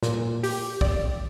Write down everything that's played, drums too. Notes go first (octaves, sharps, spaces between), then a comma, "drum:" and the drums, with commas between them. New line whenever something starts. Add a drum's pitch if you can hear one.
A#2, drum: snare
G4, drum: open hi-hat
D5, drum: kick